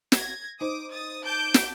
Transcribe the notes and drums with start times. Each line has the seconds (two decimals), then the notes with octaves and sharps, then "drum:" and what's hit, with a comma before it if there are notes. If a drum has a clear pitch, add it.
0.12 G#6 A#6, drum: snare
0.61 D#4 C5 D6 D#6
0.93 D#6 A6
1.27 A5 D6 G6 D7
1.54 drum: snare